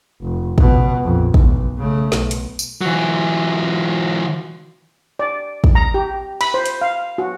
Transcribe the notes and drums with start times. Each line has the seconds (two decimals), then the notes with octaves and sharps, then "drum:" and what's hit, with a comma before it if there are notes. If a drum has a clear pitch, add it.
0.22 F1
0.58 C#2 B2, drum: kick
1.04 A#1 F2
1.34 F#1 B1, drum: kick
1.78 C#3 A3
2.12 B1, drum: snare
2.31 drum: hi-hat
2.59 drum: tambourine
2.81 E3 F#3
5.19 D5
5.64 drum: kick
5.75 A#5
5.94 G4
6.41 B5, drum: cymbal
6.54 C5
6.66 drum: hi-hat
6.81 F5
7.18 F#4